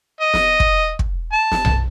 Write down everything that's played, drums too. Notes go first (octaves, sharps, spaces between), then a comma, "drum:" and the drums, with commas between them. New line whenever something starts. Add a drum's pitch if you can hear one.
D#5
drum: snare
drum: kick
drum: kick
A5
drum: snare
drum: tom B1